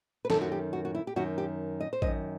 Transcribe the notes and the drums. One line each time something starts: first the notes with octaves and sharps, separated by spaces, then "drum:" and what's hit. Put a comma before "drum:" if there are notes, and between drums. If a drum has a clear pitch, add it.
B4
F#2 D#3 A4, drum: snare
F#4
G4
F#4
F#4
E4
G4
F#2 D#3 F#4
G4
D#5
C5
F#2 D#3 D#5, drum: kick A1